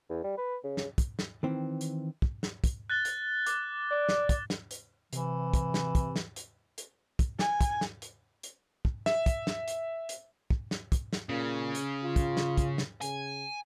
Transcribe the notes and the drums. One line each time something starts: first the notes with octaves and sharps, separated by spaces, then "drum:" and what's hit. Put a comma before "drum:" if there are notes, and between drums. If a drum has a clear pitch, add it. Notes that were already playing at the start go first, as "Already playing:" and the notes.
E2
G3
B4
C#3
drum: snare
drum: kick, hi-hat
drum: snare
D#3 E3 C4
drum: hi-hat
drum: kick
drum: snare
drum: kick, hi-hat
F#6 A6 G7
drum: hi-hat
D6, drum: hi-hat
D5
drum: snare
drum: kick, hi-hat
drum: snare
drum: hi-hat
C3 E3, drum: hi-hat
drum: kick, hi-hat
drum: snare
drum: kick, hi-hat
drum: snare
drum: hi-hat
drum: hi-hat
drum: kick, hi-hat
G#5, drum: snare
drum: kick, hi-hat
drum: snare
drum: hi-hat
drum: hi-hat
drum: kick
E5, drum: snare
drum: kick, hi-hat
drum: snare
drum: hi-hat
drum: hi-hat
drum: kick
drum: snare
drum: kick, hi-hat
drum: snare
A#2 C#3
drum: hi-hat
F4
drum: kick, hi-hat
drum: snare
drum: kick, hi-hat
drum: snare
C#3 G#5, drum: hi-hat